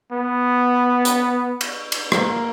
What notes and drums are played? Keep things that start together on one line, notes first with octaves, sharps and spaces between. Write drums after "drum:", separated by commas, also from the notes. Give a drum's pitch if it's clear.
B3
drum: hi-hat
drum: cymbal
drum: cymbal
A#3, drum: rim click